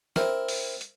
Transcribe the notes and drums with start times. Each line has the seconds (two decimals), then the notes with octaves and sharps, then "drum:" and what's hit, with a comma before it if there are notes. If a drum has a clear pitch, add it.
0.16 C4 E4 A#4, drum: snare
0.48 drum: open hi-hat
0.81 drum: hi-hat